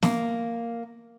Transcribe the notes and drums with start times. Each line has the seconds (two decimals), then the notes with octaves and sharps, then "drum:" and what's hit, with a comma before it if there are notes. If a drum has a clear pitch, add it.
0.03 A#3, drum: snare